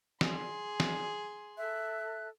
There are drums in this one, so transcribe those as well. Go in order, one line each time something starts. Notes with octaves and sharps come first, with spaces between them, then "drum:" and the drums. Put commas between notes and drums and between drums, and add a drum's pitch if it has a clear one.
G#4 C6, drum: snare
drum: snare
A4 E5 F#6